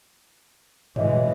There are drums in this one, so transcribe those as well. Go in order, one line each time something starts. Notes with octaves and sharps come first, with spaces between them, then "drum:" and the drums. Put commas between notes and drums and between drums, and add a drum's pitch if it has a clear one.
B2 E3 G#3 C#5 D#5 E5, drum: tom F#2